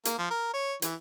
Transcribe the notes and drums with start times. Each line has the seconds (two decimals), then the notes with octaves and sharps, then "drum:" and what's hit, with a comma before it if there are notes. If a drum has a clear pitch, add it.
0.05 A#3, drum: hi-hat
0.18 F3
0.30 A#4
0.54 C#5
0.82 E3, drum: hi-hat